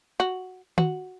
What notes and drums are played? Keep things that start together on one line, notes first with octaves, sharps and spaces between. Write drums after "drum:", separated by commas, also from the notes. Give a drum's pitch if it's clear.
F#4
F#4, drum: tom D#3